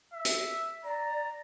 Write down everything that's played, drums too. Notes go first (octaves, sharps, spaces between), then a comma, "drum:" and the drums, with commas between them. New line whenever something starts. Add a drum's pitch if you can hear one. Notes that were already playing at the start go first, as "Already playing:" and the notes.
E5
drum: hi-hat
D5 A#5